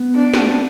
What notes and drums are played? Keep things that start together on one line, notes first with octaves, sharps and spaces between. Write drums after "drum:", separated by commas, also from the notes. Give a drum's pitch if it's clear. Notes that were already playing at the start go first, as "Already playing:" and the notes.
Already playing: B3
D4
drum: snare
C4